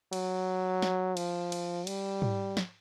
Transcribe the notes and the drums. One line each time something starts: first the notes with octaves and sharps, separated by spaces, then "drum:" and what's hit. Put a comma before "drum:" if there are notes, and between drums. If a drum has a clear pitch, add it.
F#3, drum: cymbal
drum: snare
F3, drum: cymbal
drum: cymbal
G3, drum: cymbal
drum: tom G#2
drum: snare